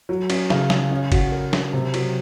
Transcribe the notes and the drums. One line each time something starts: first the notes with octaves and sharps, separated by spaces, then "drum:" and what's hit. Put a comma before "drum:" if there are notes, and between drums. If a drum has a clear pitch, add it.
F#3
C#4, drum: cymbal
C#3, drum: snare
C#3, drum: snare
C#4
F#4, drum: kick, cymbal
A#4
F#3, drum: snare
C3
F#3, drum: cymbal